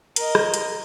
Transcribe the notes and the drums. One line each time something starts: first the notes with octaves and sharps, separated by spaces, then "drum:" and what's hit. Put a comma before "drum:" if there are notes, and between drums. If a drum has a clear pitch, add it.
A#4 D#5, drum: hi-hat
drum: rim click
drum: hi-hat